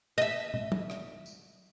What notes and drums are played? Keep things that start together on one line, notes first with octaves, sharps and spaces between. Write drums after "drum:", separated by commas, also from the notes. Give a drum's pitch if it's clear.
D#5 E5
drum: tom
drum: tom
drum: rim click
drum: tambourine